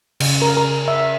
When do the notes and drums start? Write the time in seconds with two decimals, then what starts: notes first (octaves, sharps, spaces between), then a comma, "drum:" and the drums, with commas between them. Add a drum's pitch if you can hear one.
0.20 C#3, drum: cymbal
0.42 A#4
0.57 A#4
0.88 E5